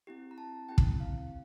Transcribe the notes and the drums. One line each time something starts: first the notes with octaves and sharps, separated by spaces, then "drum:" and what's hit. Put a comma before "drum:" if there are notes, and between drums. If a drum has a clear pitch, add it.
C4 E4 G4
A#5
A5
C4 E4 G4 G5
drum: kick
F5